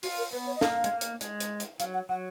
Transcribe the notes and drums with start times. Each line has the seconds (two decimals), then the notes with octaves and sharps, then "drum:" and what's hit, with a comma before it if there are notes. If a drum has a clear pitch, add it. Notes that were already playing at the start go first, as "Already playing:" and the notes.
0.03 F4 F#4, drum: open hi-hat
0.18 A#4
0.32 B3 B4
0.47 C#5
0.56 D#5
0.61 A#3 F5, drum: snare
0.84 G#3, drum: hi-hat
0.92 A#3
1.01 drum: hi-hat
1.21 G#3, drum: hi-hat
1.40 drum: hi-hat
1.60 drum: hi-hat
1.80 F#3 F5, drum: hi-hat
1.94 F#5
2.09 F#3 F#5